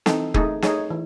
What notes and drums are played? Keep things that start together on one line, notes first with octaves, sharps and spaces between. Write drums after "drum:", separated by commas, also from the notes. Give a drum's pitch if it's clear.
E3 C4 D#4 A4, drum: snare
A3 D#4 G#4, drum: kick
A3 D#4 G#4 C#5, drum: snare
E3